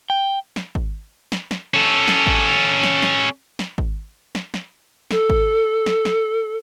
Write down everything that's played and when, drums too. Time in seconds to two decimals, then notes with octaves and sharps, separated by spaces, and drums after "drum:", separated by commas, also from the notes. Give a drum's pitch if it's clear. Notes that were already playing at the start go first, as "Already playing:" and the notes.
0.10 G5
0.56 drum: snare
0.75 drum: kick G#1
1.32 drum: snare
1.51 drum: snare
1.74 C#4 A4
2.08 drum: snare
2.27 drum: kick G#1
2.83 drum: snare
3.02 drum: snare
3.59 drum: snare
3.78 drum: kick G#1
4.35 drum: snare
4.54 drum: snare
5.11 A4, drum: snare
5.30 drum: kick G#1
5.86 drum: snare
6.05 drum: snare